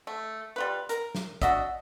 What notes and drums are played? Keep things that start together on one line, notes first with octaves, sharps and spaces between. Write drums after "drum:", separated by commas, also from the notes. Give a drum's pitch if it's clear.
A3
G3 F4 B4
A#4, drum: hi-hat
drum: snare
D4 F#4 D#5 E5, drum: kick, hi-hat